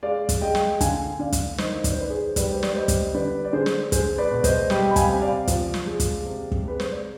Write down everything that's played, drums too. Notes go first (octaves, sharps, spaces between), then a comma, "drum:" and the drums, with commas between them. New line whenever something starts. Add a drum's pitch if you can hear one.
G#3 D5 F5
drum: kick, hi-hat
G#3 D#5 G5
drum: snare
D3 F5 G#5, drum: kick, hi-hat
D3 D5 F5
drum: kick, hi-hat
D#3 C5 D#5, drum: snare
D5, drum: kick, hi-hat
C5
D#3 B4 D5
G#4 C5
G3 B4 D5, drum: kick, hi-hat
C5
D5, drum: snare
G3 C5 D#5
drum: kick, hi-hat
D3 B4 D5
D5
D3 G#4 C5
drum: snare
G#3 G#4 C5, drum: kick, hi-hat
B4 D5
B2
C5 D#5, drum: kick, hi-hat
G3 D#5 G5, drum: snare
B5
F5 G#5, drum: kick, hi-hat
C3
D5 F5
F3, drum: kick, hi-hat
drum: snare
G#3
drum: kick, hi-hat
C3
drum: kick
G#3 B4
C5, drum: snare
D5